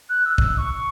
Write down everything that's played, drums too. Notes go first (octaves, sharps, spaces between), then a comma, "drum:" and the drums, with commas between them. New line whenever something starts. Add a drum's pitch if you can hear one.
F#6
E6
drum: kick
C#6